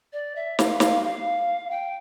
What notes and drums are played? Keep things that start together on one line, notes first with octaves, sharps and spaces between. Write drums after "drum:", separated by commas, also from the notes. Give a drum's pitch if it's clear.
D5
E5
F5, drum: snare
F5, drum: snare
F5
G5